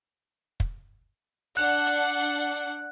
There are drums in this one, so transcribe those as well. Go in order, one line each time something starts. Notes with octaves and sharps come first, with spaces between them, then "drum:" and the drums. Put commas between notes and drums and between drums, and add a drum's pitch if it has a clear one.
drum: kick
D4 F#5 F#6, drum: open hi-hat
drum: hi-hat